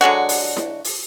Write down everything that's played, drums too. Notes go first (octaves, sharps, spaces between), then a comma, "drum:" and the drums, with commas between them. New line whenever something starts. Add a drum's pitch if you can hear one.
D3 F#3 G#3 F#4
drum: open hi-hat
drum: snare E4
drum: open hi-hat